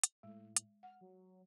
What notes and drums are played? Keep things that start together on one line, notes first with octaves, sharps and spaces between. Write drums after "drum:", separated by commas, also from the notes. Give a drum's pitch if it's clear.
drum: hi-hat
A2 G#3
drum: hi-hat
F#5 F6
F#3